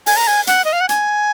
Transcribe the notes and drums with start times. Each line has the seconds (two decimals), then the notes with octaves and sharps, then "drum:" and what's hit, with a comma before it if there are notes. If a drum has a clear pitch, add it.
0.06 G#5, drum: open hi-hat
0.17 A#5
0.27 G#5
0.47 F#5, drum: hi-hat
0.65 D#5
0.73 F5
0.81 F#5
0.89 G#5, drum: hi-hat